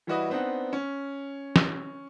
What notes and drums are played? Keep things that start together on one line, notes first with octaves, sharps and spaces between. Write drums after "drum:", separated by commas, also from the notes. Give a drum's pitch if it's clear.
E3 G3 E4 F#4 B4 D#5
B3 C4 D4 D#4 F#5
C#4
drum: snare